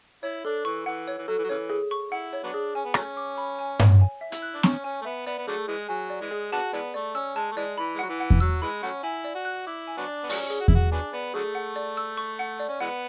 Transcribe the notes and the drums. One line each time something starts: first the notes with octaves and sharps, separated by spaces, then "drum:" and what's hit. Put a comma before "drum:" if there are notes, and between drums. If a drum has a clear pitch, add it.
E4 C#5
D4 A4
E3 C#6
E3 F#5
C#5
E3
F#3 A4
E3
F#3
C#3 E3 C#5
G#4
C#6
E4 F#5
C#5
F#3 B3 D4
G#4
C#4 G#5
B3
F#3 A3 C#4 C#5, drum: rim click
D6
B5
G#5
C#5, drum: tom G2
G#5
E5
E4, drum: hi-hat
F#6
D4
C#4 C#6, drum: snare
C#4 G#5
A3
B3 E5
B3 D5
B3
D3 F#3 A3 G#4
E3 G#3 G#4
F#3 G#5
D5
E3 G#3
G#4
B3 D4 F#4 A5
E3 G#3 B3 D5
A3 D5
C#4 E6
G#3 A5
A3
E3 G#3 D5
E3 B5
G#3
F#3 F#5
E3
F#5
drum: kick E2
F#3 E6
E3 G#3 B5
F#3 A3 C#4 F#5
E4 G#5
D5
F#4
F#6
E4 D6
G#5
F#3 B3 D4
D5
B3
F#3 A3 C#4 D5, drum: open hi-hat
G#4
F#4
E4, drum: kick E2
F#4 G#4
F#3 B3 D4 G#5
B3 D5
D3 F#3 A3 G#4
F#5
D5
E6
C#6
F#5
D5
C#4
E3 G#3 B3 F#5